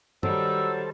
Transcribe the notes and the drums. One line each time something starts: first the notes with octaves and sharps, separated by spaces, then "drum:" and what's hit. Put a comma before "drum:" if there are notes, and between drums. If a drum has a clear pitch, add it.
D#3 F#3 G3 A4 C5 A5 E6, drum: tom G2